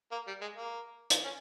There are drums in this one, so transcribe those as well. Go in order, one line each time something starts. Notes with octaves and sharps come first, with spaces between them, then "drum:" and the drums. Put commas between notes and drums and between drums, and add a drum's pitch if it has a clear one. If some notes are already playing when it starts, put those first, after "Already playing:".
A#3
G3
G#3
A#3
drum: hi-hat
C#4